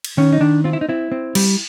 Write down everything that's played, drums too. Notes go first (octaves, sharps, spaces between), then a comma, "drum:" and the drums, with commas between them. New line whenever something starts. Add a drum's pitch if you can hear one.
drum: cymbal
D#3 C#4
D#4
D#3 D4
C4 F4
E4
D#4
C4 E4
C4
G3, drum: cymbal